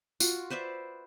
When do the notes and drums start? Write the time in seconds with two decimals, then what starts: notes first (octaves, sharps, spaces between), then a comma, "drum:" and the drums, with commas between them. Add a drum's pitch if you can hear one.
0.20 F4 F#4, drum: tambourine
0.50 B4 C5 D5 E5